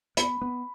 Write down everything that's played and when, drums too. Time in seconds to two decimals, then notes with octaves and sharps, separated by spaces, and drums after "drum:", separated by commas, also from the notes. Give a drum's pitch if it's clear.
0.17 B3 B5, drum: hi-hat
0.42 B3